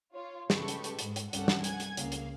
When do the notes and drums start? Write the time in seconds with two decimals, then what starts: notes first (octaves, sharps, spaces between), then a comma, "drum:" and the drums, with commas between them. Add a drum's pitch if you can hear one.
0.14 F4 C#5
0.50 C#3 G#3 G4 A4 B4 C#6, drum: snare
0.68 drum: hi-hat
0.84 drum: hi-hat
0.99 G#2, drum: hi-hat
1.16 drum: hi-hat
1.33 C2 G2 C#4 G4 A4 F#5, drum: hi-hat
1.48 drum: snare
1.64 F#5 G#5 G#6, drum: hi-hat
1.80 drum: hi-hat
1.97 C#2 C#3 A#3 F5, drum: hi-hat
2.12 drum: hi-hat